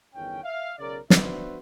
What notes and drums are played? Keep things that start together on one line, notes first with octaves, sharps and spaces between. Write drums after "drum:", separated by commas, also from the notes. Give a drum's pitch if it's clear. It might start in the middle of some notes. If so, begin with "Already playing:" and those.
G1 E2 D#3 C#4 G5
E5 F5
B1 C#3 A#4 D5
B3 D4 F#4 B4 C5 E5, drum: snare